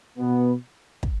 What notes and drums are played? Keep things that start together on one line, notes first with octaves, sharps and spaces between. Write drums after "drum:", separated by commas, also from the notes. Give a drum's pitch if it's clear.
B2 B3
drum: kick